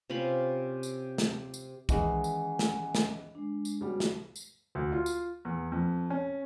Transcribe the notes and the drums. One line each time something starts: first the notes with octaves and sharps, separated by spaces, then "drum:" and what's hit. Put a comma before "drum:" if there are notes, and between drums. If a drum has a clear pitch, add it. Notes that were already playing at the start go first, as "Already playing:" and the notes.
C3 C#4 F4 B5
drum: tambourine
drum: snare
drum: tambourine
D#3 E3 G#3 C#4 F#5 G#5, drum: kick B1, tambourine
drum: tambourine
drum: snare
drum: snare
G#3 D4
drum: tambourine
C#3 G3 B3 F#4
drum: snare
drum: tambourine
D2
F4
drum: tambourine
E2
F2
C#4